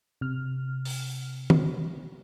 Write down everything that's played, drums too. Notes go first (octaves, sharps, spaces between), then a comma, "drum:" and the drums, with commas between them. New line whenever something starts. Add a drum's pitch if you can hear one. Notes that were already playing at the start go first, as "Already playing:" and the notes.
C3 F6
drum: open hi-hat
drum: tom D#3